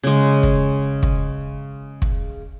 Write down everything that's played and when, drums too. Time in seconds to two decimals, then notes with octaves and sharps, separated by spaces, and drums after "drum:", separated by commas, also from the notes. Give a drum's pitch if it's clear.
0.03 C#3 G#3
0.43 drum: kick
1.03 drum: kick
2.02 drum: kick